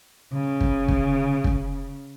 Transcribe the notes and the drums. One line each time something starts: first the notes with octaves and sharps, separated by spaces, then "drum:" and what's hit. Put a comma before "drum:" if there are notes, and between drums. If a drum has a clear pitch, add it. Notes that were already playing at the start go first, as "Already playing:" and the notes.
C#3
drum: kick
drum: kick
drum: kick